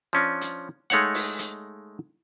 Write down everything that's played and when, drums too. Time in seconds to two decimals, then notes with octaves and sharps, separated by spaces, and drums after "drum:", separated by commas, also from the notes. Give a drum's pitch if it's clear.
0.13 F3 C#4 D4
0.41 drum: hi-hat
0.90 G#3 A3 D#4 C#5 F5 F#5, drum: hi-hat
1.14 drum: open hi-hat
1.39 drum: hi-hat